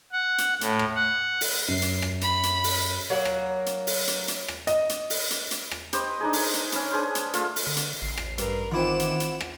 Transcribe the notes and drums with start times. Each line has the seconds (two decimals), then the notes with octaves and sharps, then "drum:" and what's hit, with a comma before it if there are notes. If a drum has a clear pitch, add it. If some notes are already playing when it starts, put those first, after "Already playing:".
0.12 F#5
0.38 drum: hi-hat
0.61 A2, drum: hi-hat
0.79 drum: rim click
0.96 F#5
1.41 drum: open hi-hat
1.68 F#2 C7
1.82 drum: hi-hat
2.02 drum: rim click
2.21 B5, drum: hi-hat
2.43 drum: hi-hat
2.64 drum: open hi-hat
3.10 F#3 A#3 F#5
3.25 drum: rim click
3.66 drum: hi-hat
3.87 drum: open hi-hat
4.07 drum: hi-hat
4.28 drum: hi-hat
4.48 drum: rim click
4.67 D#5, drum: hi-hat
4.89 drum: hi-hat
5.10 drum: open hi-hat
5.30 drum: hi-hat
5.51 drum: hi-hat
5.71 drum: rim click
5.93 G4 B4 C5 D#5, drum: hi-hat
6.20 D4 D#4 G#4
6.33 drum: open hi-hat
6.53 drum: hi-hat
6.72 C#4 B4, drum: hi-hat
6.91 D4 G#4 B4 C5
7.15 drum: hi-hat
7.33 A3 F4 F5, drum: hi-hat
7.56 drum: open hi-hat
7.67 D3
7.76 drum: hi-hat
8.02 A1 C7
8.17 drum: rim click
8.38 G2 A#4 B4, drum: hi-hat
8.72 D#3 E3 C4 E4 F4 F#5 D6 E7
9.00 drum: hi-hat
9.20 drum: hi-hat
9.41 drum: rim click